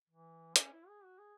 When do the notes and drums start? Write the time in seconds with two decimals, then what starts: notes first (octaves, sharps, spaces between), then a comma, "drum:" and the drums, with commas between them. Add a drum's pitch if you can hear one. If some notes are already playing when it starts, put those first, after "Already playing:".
0.10 E3
0.56 C#4, drum: hi-hat
0.72 E4
0.88 G#4
1.04 F#4
1.18 G#4